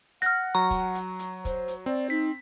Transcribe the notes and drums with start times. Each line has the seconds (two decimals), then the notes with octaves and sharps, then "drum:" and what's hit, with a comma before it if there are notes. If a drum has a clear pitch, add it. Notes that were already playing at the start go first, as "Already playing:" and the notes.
0.22 F#5 F6 F#6 A#6, drum: hi-hat
0.55 F#3 A#5 C#6
0.71 drum: kick, hi-hat
0.95 drum: hi-hat
1.19 drum: hi-hat
1.45 C5, drum: kick, hi-hat
1.68 drum: hi-hat
1.86 C4 D5
2.10 D#4 B6